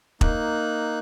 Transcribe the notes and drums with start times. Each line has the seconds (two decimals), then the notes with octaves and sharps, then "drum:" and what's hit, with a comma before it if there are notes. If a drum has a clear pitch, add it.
0.21 A#3 D#4 F#6, drum: kick